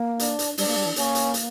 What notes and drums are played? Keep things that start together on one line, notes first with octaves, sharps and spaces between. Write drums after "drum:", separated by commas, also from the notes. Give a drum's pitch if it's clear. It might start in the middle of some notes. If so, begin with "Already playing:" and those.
Already playing: A#3
D4, drum: hi-hat
drum: hi-hat
G3 D4, drum: open hi-hat
A#3
G3
E3
A#3 C#4, drum: hi-hat
drum: hi-hat
drum: hi-hat